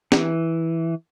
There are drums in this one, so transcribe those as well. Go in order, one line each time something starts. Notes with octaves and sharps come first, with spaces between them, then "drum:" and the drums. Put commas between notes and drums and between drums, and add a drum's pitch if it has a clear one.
E3, drum: snare